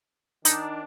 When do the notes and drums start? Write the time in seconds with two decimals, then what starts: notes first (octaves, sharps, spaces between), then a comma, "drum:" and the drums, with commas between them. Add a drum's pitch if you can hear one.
0.45 D#3 D4 D#4, drum: hi-hat